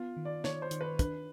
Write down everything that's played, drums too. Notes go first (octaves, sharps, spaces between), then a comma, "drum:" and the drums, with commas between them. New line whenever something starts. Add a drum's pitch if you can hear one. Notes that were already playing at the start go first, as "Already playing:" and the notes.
Already playing: B3 F4
D#3
D5
D#3 C#5, drum: snare
C5
D#3, drum: hi-hat
B4
D4 B4, drum: kick, hi-hat